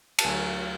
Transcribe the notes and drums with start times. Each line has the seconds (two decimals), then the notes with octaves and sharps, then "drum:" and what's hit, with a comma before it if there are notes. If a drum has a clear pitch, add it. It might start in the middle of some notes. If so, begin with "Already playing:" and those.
0.19 A5, drum: cymbal
0.24 D2 D3 F#3 G#5